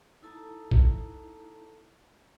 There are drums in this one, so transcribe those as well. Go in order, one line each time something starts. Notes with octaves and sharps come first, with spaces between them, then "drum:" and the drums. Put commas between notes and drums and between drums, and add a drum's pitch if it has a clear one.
D#4 E4 A4 A5 A#5
drum: kick